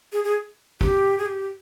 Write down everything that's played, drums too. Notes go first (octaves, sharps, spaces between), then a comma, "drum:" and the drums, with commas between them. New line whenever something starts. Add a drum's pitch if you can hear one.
G#4
G#4
G4, drum: kick
G#4
G4